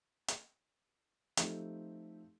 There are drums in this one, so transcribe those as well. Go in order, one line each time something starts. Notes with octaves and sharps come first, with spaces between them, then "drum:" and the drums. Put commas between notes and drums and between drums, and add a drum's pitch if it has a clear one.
drum: hi-hat
F3 A3 C4 D#4 G4, drum: hi-hat